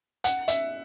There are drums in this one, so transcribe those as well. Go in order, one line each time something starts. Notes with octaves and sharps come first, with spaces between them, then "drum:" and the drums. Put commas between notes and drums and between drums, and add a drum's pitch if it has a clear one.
F#5, drum: hi-hat
E5, drum: hi-hat